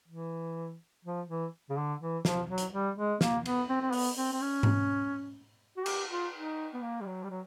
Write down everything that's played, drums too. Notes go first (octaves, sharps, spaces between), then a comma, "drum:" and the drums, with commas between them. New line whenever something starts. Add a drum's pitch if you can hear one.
E3
F3
E3
C#3
D3
E3
F3, drum: snare
F#3
drum: hi-hat
G3
G#3
A#3, drum: snare
B3, drum: cymbal
C4
C4
B3, drum: open hi-hat
C4
C4
C#4
drum: tom G#2
F#4
G4, drum: cymbal
F4
D#4
B3
A#3
G3
F#3
G3
F#3